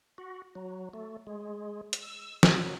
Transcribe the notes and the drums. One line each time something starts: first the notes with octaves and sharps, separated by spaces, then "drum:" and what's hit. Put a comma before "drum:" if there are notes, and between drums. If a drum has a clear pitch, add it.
F#4
F#3
A3
G#3
drum: hi-hat
E6
D#4, drum: snare
F#3